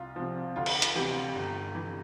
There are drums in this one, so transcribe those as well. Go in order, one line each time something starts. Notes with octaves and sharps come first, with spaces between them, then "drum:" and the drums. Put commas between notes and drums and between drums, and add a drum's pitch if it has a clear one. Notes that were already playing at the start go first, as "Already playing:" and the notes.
Already playing: C2 F4
C3 F3
D2 F4
drum: cymbal
drum: hi-hat
C3 E3 G4
G1
E3